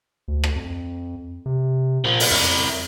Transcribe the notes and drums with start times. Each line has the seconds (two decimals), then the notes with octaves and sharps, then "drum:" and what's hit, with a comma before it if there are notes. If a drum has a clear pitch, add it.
0.28 D2
0.44 drum: rim click
0.56 F2
1.46 C3
2.05 A#2 F3 A#3
2.20 drum: open hi-hat
2.31 F2 E4 A#4